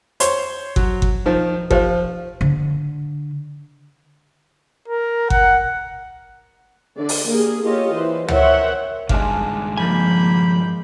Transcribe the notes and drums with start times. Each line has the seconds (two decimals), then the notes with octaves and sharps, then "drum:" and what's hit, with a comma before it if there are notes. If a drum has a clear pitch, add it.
0.20 C5 C#5 C6, drum: hi-hat
0.76 F#3, drum: kick G1
1.02 drum: kick G1
1.26 D#3 F3
1.71 F3 G4 C5 F5, drum: kick G1
2.41 D3
4.88 A#4
5.30 F#5, drum: kick G1
6.97 D3 D5
7.09 drum: open hi-hat
7.29 A#3 G4 G#4
7.62 A#3 F4 G4 A4 C#5 D#5
7.94 E3 B4 C5
8.28 A#4 C5 C#5 E5 F#5 G5, drum: tom
9.09 G2 D#3 G#3 D4 F5, drum: kick G1
9.77 F3 A#3 G#5 B5 G6